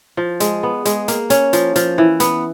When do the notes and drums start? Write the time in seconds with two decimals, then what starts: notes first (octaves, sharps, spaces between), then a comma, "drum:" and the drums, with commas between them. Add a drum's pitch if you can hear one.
0.17 F3
0.40 G#3, drum: hi-hat
0.63 B3
0.85 G#3, drum: hi-hat
1.08 A#3, drum: hi-hat
1.30 C#4, drum: hi-hat
1.53 F3, drum: hi-hat
1.76 F3, drum: hi-hat
1.98 E3
2.20 B3, drum: hi-hat